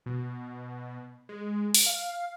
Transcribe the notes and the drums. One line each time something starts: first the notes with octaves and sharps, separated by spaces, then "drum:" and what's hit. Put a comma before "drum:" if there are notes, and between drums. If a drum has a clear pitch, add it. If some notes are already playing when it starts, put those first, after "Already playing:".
B2
G#3
drum: open hi-hat
F5